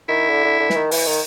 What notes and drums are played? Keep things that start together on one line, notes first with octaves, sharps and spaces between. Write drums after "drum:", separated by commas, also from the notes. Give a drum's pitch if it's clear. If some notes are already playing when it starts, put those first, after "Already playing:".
D#3 E4
D3
D3
D3
E3, drum: snare
D#3
E3, drum: open hi-hat
D#3